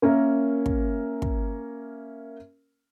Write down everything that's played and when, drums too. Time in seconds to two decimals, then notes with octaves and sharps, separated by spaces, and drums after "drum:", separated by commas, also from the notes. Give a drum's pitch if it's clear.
0.02 A#3 C#4 A#4 E5
0.66 drum: kick
1.22 drum: kick